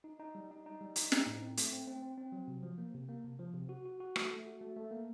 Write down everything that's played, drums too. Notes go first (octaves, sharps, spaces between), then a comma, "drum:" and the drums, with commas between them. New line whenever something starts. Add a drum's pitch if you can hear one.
D#4
D#4
G3
D#4
D#4
G3
D#4, drum: hi-hat
D#4, drum: snare
A2
C4
A3, drum: hi-hat
C4
C4
C4
C4
F#3
C3
F3
A#3
C3
A#3
C3
F3
C3
F#4
F#4
F#4
A3, drum: rim click
A3
F#4
A3
A3
A#3